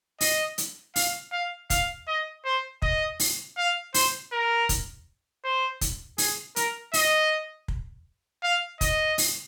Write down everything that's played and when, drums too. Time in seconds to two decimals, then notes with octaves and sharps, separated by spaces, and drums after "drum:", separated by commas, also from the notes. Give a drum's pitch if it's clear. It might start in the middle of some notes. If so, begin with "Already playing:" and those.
0.21 D#5, drum: open hi-hat
0.58 drum: hi-hat
0.96 F5, drum: open hi-hat
1.32 F5
1.70 F5, drum: kick, hi-hat
2.07 D#5
2.45 C5
2.82 D#5, drum: kick
3.20 drum: open hi-hat
3.57 F5
3.94 C5, drum: open hi-hat
4.32 A#4
4.69 drum: kick, hi-hat
5.44 C5
5.81 drum: kick, hi-hat
6.18 G#4, drum: open hi-hat
6.56 A#4, drum: hi-hat
6.94 D#5, drum: open hi-hat
7.68 drum: kick
8.43 F5
8.81 D#5, drum: kick, hi-hat
9.18 drum: open hi-hat